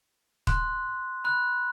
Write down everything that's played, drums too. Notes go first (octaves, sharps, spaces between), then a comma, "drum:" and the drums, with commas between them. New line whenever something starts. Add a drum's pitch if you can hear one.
C6 F#6, drum: kick
B5 F#6